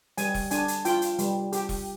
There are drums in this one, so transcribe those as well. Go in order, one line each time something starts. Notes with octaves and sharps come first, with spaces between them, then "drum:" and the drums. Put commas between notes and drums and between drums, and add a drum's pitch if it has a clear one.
G3 G#5, drum: hi-hat
drum: kick E1, open hi-hat
D4 G#5, drum: hi-hat
drum: hi-hat
F4 G5, drum: hi-hat
drum: hi-hat
G3, drum: hi-hat
G4, drum: hi-hat
drum: kick E1, open hi-hat